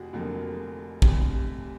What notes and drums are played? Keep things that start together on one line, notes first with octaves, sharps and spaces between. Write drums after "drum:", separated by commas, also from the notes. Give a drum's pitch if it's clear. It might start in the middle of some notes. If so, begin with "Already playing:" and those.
Already playing: F1 F2 F#4 G#4
F1 F2 D3 F#3 A#3
F1 E2 C3 G4, drum: kick